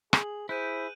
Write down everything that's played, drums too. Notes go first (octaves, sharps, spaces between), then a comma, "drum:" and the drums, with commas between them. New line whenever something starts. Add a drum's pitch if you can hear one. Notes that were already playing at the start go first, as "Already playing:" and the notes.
G#4 F#7, drum: rim click
E4 G#4 C5 F#6 G6 D#7